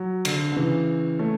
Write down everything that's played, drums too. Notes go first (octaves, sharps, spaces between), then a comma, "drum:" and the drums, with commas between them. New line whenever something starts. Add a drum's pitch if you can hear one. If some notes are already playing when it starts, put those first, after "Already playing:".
Already playing: F#3
D3, drum: cymbal
D3
C#3 E3
A3 C#4